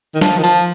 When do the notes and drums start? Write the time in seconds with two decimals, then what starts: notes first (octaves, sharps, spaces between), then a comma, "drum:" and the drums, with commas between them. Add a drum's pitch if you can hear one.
0.15 D#3
0.21 F3, drum: snare
0.38 D#3
0.44 F3, drum: hi-hat